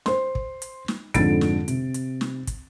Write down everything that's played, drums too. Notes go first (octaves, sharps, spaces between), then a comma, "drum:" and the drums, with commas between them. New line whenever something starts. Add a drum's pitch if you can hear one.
C5 C6, drum: snare
drum: kick
drum: hi-hat
drum: snare
F2 G#2 D3 A6 D7, drum: kick, hi-hat
drum: snare
C3, drum: hi-hat
drum: hi-hat
drum: snare
drum: kick, hi-hat